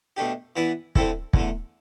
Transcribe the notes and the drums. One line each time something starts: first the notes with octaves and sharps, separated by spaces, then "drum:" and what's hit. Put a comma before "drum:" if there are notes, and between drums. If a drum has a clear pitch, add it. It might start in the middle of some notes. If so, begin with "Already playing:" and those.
B2 A3 D4 G4
E3 B3 E4 B4 D5
D3 A3 C4 E4 A4, drum: kick
E2 D3 A3, drum: kick